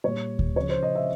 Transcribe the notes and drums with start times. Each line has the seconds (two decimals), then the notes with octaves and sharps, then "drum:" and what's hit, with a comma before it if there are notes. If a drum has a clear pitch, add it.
0.04 A#2 G3 C#5
0.39 drum: kick D2
0.56 C#3 F3 C#5
0.69 C5
0.83 D#5
0.95 E5